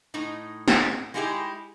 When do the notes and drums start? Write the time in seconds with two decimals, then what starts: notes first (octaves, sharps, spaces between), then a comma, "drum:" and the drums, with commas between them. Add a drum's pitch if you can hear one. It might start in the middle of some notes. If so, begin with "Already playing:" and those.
0.14 A2 D#4
0.68 drum: snare
1.14 G#3 D#4 E4 G4 G#4